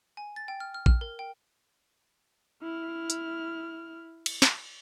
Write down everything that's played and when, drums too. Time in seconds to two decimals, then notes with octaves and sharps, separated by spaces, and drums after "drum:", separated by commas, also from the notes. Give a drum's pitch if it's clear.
0.17 G#5
0.36 A6
0.48 G5
0.60 F6
0.74 F6
0.86 F6, drum: kick A#1
1.01 A#4
1.19 G5
2.63 E4 F6
3.10 drum: hi-hat
4.26 drum: cymbal
4.42 drum: snare